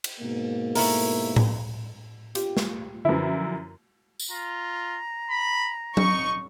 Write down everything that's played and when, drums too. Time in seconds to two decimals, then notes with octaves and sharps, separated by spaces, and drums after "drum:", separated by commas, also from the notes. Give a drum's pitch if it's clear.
0.04 drum: cymbal
0.20 G#2 B2 A#3
0.75 A3 E4 A#4, drum: open hi-hat
1.36 drum: tom A2
2.35 F4 G4, drum: hi-hat
2.57 drum: snare
3.05 F#2 D3 F3 E4 B4
4.20 drum: tambourine
4.31 F4 A#5
5.30 B5
5.97 D#4 C#6, drum: tom F#3